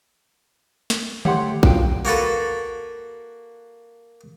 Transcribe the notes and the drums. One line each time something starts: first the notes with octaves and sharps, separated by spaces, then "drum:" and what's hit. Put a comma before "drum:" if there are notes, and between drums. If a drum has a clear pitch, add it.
drum: snare
A3 G4 C5 C#5 F#5 C6, drum: tom D3
F3 F#3 C5 F5 G5, drum: kick A1
A#3 F#4 A4 B4